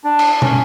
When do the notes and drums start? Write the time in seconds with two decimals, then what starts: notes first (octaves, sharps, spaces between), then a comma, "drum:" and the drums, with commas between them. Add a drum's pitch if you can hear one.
0.04 D4
0.19 drum: cymbal
0.42 C#4, drum: tom